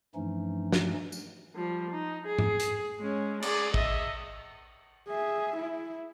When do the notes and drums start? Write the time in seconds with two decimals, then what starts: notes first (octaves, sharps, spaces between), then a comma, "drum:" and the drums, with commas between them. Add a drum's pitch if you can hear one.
0.15 G2 E3 F3 A3 C#4 D#4
0.72 drum: snare
1.12 drum: tambourine
1.55 F3 G3
1.91 D#4
2.26 G#4
2.38 drum: tom G#2
2.60 drum: hi-hat
3.00 G#3 C#4
3.42 G#4 D5, drum: cymbal
3.74 D#5 E5, drum: kick A1
5.08 G#4 E5
5.56 E4